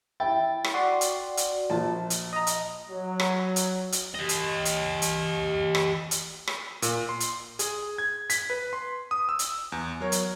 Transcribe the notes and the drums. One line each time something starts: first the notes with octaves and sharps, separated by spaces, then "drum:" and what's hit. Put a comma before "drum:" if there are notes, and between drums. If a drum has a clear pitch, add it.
E4 G5 A6
drum: rim click
F#4 D5 C6
drum: hi-hat
drum: hi-hat
A#1 A5
drum: hi-hat
D#5 A#5
drum: hi-hat
F#3
drum: rim click
drum: hi-hat
drum: hi-hat
G4 D#5
drum: hi-hat
drum: hi-hat
drum: hi-hat
drum: rim click
drum: hi-hat
drum: rim click
A#2, drum: hi-hat
C6
drum: hi-hat
G#4, drum: hi-hat
G#6
B6, drum: hi-hat
B4
C6
D#6
E6
drum: hi-hat
E2
F#3 A#4 C#5
drum: hi-hat